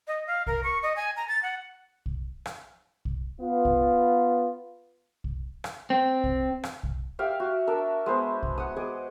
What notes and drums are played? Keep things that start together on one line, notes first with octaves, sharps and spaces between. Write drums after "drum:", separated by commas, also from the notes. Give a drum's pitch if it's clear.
D#5
F5
A#4, drum: kick
C#6
D#5
G#5
A#5
A6
F#5
drum: kick
drum: rim click
drum: kick
B3 F4
drum: kick
drum: kick
drum: rim click
C4
drum: kick
drum: rim click
drum: kick
G4 E5 F5 G5
F#4
D4 A#4 E5 A5
G#3 B3 C5
drum: kick
F#5 D#6
G#4 D#5 D6